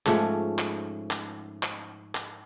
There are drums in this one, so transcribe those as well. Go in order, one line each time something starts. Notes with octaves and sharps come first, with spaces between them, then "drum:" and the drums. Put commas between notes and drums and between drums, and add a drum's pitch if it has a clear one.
G#2 F3 A3 C#4, drum: clap
drum: clap
drum: clap
drum: clap
drum: clap